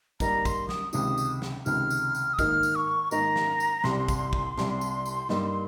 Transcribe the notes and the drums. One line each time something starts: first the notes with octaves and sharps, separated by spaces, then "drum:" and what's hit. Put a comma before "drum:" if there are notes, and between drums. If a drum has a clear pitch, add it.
G3 A#3 D#4 A#5, drum: kick, tambourine
C6, drum: kick, tambourine
D#6, drum: snare
C#2 C3 D#3 D#6, drum: tambourine
drum: tambourine
drum: snare
C#2 C3 D#3 F6, drum: tambourine
drum: tambourine
drum: tambourine
D#6
G#2 D#3 A#3 D#4 F6, drum: kick, tambourine
drum: tambourine
C#6
G#2 D#3 A#3 D#4 A#5, drum: tambourine
drum: snare
drum: tambourine
C2 C3 G3 C6, drum: snare
drum: kick, tambourine
drum: kick
C2 C3 G3, drum: snare
drum: tambourine
drum: tambourine
G2 G3 A#3 D#4, drum: snare